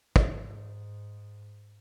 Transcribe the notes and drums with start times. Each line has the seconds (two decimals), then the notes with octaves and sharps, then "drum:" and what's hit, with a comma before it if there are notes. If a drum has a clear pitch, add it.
0.16 G#2, drum: kick